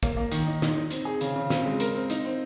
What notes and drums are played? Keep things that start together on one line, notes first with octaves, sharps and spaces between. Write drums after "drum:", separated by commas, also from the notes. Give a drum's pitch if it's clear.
A#3, drum: kick, hi-hat
A#3
D#3, drum: hi-hat
D#4
D#4, drum: snare
D#4
C4, drum: hi-hat
G#4
C#3, drum: hi-hat
C#3
C4, drum: snare
G#3
A#4, drum: hi-hat
C4
D#4, drum: hi-hat
C4